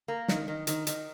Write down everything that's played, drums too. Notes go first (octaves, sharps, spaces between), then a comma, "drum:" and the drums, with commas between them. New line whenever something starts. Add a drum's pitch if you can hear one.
A#3
D#3, drum: snare
D#3
D#3, drum: hi-hat
D#3, drum: hi-hat